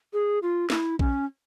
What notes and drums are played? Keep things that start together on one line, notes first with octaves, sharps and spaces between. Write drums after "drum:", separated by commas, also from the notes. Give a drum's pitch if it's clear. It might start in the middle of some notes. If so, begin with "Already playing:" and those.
G#4
F4
E4, drum: snare
C#4, drum: kick A#1